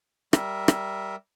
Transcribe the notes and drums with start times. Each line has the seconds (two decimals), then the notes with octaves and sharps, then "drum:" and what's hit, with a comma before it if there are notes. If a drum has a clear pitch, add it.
0.33 G3 A#4 E5, drum: rim click
0.68 drum: rim click